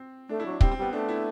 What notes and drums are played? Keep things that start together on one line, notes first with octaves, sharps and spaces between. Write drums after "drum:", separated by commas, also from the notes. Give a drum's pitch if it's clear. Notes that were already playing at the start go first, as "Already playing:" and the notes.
Already playing: C4
A3 D4
E4
F#3
D4
G3 C4, drum: kick
C4
G3 B3
A3 D4
E4